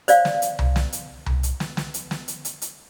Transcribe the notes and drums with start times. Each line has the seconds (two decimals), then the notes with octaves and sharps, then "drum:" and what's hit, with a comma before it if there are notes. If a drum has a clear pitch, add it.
0.08 C5 D5 F5, drum: hi-hat
0.25 drum: snare
0.42 drum: hi-hat
0.59 drum: tom C2
0.76 drum: snare
0.93 drum: hi-hat
1.26 drum: tom C2
1.43 drum: hi-hat
1.60 drum: snare
1.77 drum: snare
1.94 drum: hi-hat
2.11 drum: snare
2.28 drum: hi-hat
2.45 drum: hi-hat
2.62 drum: hi-hat